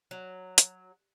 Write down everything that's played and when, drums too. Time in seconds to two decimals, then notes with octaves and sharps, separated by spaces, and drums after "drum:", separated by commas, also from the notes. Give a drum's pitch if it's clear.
0.11 F#3
0.58 drum: hi-hat